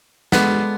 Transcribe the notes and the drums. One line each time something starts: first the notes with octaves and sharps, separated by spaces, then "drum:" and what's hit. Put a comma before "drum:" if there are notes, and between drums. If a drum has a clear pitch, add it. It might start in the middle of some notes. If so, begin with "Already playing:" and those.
D3 G#3 B3 D4 F4, drum: snare